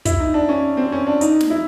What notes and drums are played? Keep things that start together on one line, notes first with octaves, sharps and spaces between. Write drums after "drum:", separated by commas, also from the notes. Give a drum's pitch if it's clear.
E4, drum: kick, hi-hat
D#4
D4
C#4
C4
C#4
D4
D#4, drum: hi-hat
drum: snare
E4